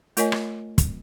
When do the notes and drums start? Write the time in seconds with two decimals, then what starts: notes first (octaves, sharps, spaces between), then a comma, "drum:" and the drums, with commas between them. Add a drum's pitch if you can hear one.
0.17 A3 F4 A#4 C#5 D#5 G#5, drum: hi-hat
0.32 drum: rim click
0.78 drum: kick, hi-hat